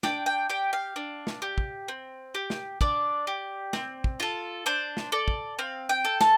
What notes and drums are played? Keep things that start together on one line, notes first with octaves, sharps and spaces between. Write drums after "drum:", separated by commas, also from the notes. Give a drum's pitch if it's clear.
D4 G5, drum: snare
G5
G4 G5
F5
D4
drum: snare
G4
drum: kick
C4
G4
drum: snare
D4 D5, drum: kick
G4
C4, drum: snare
drum: kick
F4 A4
D4 C5
drum: snare
A4 D5
drum: kick
C4 F5
G5
A4
A5, drum: snare